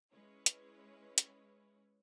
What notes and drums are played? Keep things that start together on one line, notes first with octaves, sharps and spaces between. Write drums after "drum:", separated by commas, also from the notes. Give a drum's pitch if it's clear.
G#3 C#4 E4 B4 C#5
drum: hi-hat
drum: hi-hat